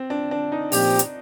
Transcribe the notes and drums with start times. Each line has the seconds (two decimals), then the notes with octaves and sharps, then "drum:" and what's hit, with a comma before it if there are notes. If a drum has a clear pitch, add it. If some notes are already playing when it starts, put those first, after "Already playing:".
Already playing: C4
0.10 D4
0.31 D4
0.52 D#4
0.72 A#2 F3 C4 G4, drum: open hi-hat
0.99 drum: hi-hat